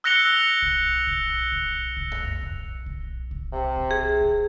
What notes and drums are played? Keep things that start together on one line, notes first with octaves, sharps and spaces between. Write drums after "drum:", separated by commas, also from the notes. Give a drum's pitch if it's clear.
E6 F#6 A#6 C#7 F7 G7
drum: kick
drum: kick
drum: kick
drum: kick
drum: tom F2
drum: kick
drum: kick
drum: kick
C3
drum: kick
G#4
drum: kick